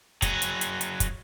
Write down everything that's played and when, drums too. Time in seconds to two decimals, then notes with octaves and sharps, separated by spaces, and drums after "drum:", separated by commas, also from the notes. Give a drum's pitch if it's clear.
0.22 F#3 G#4, drum: kick, hi-hat
0.42 drum: hi-hat
0.61 drum: hi-hat
0.81 drum: hi-hat
1.00 drum: kick, hi-hat